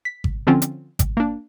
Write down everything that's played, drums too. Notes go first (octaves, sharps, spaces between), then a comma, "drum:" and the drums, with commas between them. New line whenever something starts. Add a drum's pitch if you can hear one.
B6
drum: kick G#1
D3 F3 C4 C#4 F4
drum: hi-hat
drum: kick G#1, hi-hat
A#3 D4